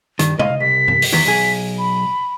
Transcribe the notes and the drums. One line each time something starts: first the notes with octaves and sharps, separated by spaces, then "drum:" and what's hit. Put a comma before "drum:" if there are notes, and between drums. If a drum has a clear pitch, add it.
G2 D#3, drum: hi-hat
D#5 F5, drum: tom
C2 B6
drum: tom G2
drum: open hi-hat
E2 D#3 E3 B6
B1 G#4
B5